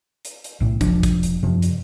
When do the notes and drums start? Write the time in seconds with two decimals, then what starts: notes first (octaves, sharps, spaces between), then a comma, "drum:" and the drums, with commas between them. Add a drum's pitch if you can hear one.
0.25 drum: hi-hat
0.44 drum: hi-hat
0.60 B1 A2
0.81 E1 F3 D4, drum: kick, hi-hat
1.03 drum: kick, hi-hat
1.23 drum: hi-hat
1.43 F#2 C3 F3
1.62 drum: hi-hat